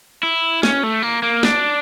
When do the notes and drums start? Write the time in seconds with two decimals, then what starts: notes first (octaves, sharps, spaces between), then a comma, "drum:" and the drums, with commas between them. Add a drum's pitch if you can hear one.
0.23 E4
0.63 C#4, drum: snare
0.83 A3
1.02 A#3
1.23 A#3
1.43 D4, drum: snare